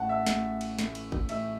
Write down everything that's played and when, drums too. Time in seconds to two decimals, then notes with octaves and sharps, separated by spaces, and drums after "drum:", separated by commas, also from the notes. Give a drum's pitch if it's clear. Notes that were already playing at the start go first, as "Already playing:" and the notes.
Already playing: A1 A2 A3 F#5 A5
0.09 E5
0.27 A1 A2 A3, drum: snare
0.61 drum: cymbal
0.79 A1 A2 A3, drum: snare
0.95 drum: cymbal
1.12 drum: kick G#1
1.29 A1 A2 A3 E5, drum: cymbal